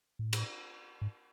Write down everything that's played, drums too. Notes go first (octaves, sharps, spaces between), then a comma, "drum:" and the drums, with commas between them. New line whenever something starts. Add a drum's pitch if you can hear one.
A2
drum: cymbal
G#2